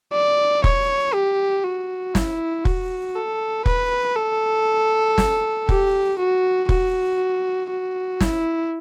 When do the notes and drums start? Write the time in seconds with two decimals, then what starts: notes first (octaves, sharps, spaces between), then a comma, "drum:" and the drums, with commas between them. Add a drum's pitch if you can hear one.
0.12 D5
0.64 C#5, drum: kick
1.14 G4
1.64 F#4
2.15 E4, drum: snare
2.65 F#4, drum: kick
3.16 A4
3.66 B4, drum: kick
4.16 A4
5.18 drum: snare
5.69 G4, drum: kick
6.18 F#4
6.69 F#4, drum: kick
7.70 F#4
8.20 E4, drum: snare